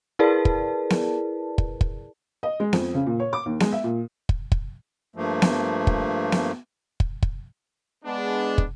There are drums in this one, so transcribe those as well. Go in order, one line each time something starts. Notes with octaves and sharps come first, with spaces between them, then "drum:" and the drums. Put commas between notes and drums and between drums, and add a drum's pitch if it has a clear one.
E4 G#4 A#4 B4 D5 A5
drum: kick
drum: snare B3
drum: kick
drum: kick
D#5
G#3
F2, drum: snare B3
C#3
A#2
C#5
D6
D#2
G#3, drum: snare B3
E5
A#2
drum: kick
drum: kick
G2 F3 A3 A#3
drum: snare B3
drum: kick
drum: snare B3
drum: kick
drum: kick
G#3 B3 D4
drum: kick